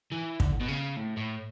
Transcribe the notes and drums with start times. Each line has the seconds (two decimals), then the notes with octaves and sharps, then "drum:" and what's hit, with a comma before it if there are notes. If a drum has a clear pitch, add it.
0.12 E3
0.40 D3, drum: kick
0.52 A2
0.60 B2
0.68 C#3
0.96 A2
1.17 A2